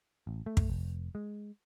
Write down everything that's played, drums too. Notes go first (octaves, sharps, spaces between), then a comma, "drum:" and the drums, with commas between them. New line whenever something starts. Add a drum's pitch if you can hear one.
A1
A3
drum: kick
F1
G#3